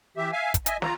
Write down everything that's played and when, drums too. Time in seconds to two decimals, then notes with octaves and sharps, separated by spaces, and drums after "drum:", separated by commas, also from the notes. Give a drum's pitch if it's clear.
0.17 E3 G4 E5
0.32 E5 F5 G#5
0.54 drum: kick, hi-hat
0.66 D#5 E5 G#5, drum: hi-hat
0.82 F4 A#5, drum: snare